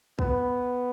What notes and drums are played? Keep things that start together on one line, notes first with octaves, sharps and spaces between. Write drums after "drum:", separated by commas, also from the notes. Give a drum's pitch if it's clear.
B3, drum: kick